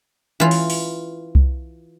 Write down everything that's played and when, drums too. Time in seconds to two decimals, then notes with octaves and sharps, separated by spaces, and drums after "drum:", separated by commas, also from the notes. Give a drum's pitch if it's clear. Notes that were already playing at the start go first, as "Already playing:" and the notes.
0.40 E3 F4
0.51 drum: open hi-hat
0.70 drum: open hi-hat
1.35 drum: kick C2